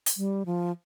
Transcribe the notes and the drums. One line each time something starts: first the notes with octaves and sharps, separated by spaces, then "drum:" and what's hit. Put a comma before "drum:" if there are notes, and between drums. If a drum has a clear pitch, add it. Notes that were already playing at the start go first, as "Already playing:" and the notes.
drum: hi-hat
G3
F3